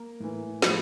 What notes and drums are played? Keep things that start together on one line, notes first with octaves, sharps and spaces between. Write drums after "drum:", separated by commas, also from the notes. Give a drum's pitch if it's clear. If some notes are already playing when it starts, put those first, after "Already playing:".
Already playing: A#3 A#4
A2 E3
A2 F3 B3 B4, drum: snare